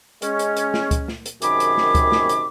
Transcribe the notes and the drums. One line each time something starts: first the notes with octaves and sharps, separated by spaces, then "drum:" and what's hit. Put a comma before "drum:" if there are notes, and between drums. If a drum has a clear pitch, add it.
G#3 C#4, drum: hi-hat
drum: hi-hat
drum: hi-hat
drum: snare
drum: kick C#2, hi-hat
drum: snare
drum: hi-hat
F#2 C3 D#3 G#4 B5 D6, drum: hi-hat
drum: hi-hat
drum: snare
drum: kick C#2, hi-hat
drum: snare
drum: hi-hat